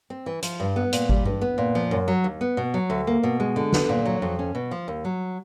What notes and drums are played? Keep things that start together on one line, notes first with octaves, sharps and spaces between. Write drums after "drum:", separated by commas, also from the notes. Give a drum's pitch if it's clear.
C4
E3
F3, drum: hi-hat
G2
B3
A#2, drum: hi-hat
G3, drum: kick G#1
G2, drum: tom G2
B3
A#2
F3
F#2
F#3
D#2
B3
B2
F#3
D2
A#3
B2
G#3
D3
B3, drum: snare
A#2
F#3
F2
C#4
B2
F3
D#2
F#3